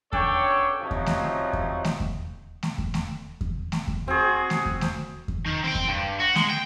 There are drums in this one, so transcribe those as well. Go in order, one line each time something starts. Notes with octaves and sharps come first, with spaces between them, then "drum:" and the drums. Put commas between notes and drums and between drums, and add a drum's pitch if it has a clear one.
C#3 B3 D4 A4 C#5 G5, drum: kick E2
C3 F3 F#3 C#4 D#4 F#4
drum: kick E2
drum: snare A3
drum: kick E2
drum: snare A3
drum: kick E2
drum: snare A3
drum: kick E2
drum: snare A3
drum: kick E2
drum: snare A3
drum: kick E2
C4 F#4 G#4
drum: snare A3
drum: kick E2
drum: snare A3
drum: kick E2
D#3
C4 G5
drum: kick E2
G2
F#4
G#3, drum: snare A3
G5